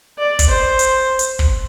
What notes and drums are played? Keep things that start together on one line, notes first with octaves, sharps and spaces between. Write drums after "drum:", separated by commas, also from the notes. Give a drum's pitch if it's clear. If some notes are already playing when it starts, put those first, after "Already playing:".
D5
drum: kick, hi-hat
C5
drum: hi-hat
drum: hi-hat
drum: kick